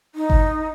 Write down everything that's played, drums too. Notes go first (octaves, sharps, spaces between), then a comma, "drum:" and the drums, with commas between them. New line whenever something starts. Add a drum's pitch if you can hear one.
D#4
drum: kick G1